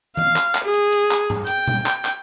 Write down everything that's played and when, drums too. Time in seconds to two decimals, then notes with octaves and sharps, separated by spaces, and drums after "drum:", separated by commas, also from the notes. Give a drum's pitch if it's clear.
0.17 F5, drum: tom
0.36 drum: clap
0.55 drum: clap
0.64 G#4
0.74 drum: hi-hat
0.92 drum: hi-hat
1.11 drum: clap
1.30 drum: tom G#2
1.47 G5, drum: hi-hat
1.68 drum: tom B2
1.86 drum: clap
2.05 drum: clap